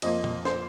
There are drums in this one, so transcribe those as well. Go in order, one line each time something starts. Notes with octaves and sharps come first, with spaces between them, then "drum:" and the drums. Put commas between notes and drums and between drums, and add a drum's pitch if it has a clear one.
F2 F3 A#3 D#5, drum: cymbal
drum: tom A#2
C5, drum: snare